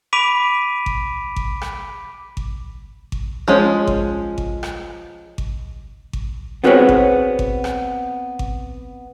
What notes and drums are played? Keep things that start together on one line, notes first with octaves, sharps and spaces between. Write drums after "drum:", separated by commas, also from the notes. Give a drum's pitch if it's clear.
B5 D6 B6 D7 D#7 F7
drum: kick G#1
drum: kick G#1
drum: rim click
drum: kick G#1
drum: kick G#1
F3 G#3 C#4
drum: kick G#1
drum: kick G#1
drum: rim click
drum: kick G#1
drum: kick G#1
B3 C4 F#4 G#4 B4 C#5
drum: kick G#1
drum: kick G#1
drum: rim click
drum: kick G#1